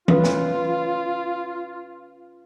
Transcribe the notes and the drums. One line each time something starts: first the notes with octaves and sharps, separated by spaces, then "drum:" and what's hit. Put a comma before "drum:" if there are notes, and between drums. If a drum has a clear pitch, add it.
C#4 F4 B4, drum: tom E3
drum: snare